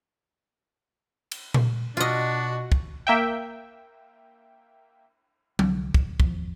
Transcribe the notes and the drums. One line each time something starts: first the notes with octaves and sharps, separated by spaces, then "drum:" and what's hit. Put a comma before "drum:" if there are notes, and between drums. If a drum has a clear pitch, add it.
drum: cymbal
drum: tom A#2
B2 D4 F4 F#4 D#5
drum: kick
A#3 E5 G5
C2 D3 F3, drum: tom F#3
D#1, drum: kick
G#1 E2 F3, drum: kick